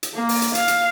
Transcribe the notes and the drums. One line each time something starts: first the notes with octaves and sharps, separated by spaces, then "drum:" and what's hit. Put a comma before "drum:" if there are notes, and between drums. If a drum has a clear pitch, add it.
drum: hi-hat
A#3
drum: open hi-hat
drum: hi-hat
F5, drum: hi-hat
drum: hi-hat